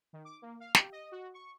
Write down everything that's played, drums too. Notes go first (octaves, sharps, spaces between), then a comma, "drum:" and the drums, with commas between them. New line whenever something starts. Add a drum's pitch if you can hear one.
D#3
D6
A#3
F5
G4, drum: snare
D#5
F#4
C#6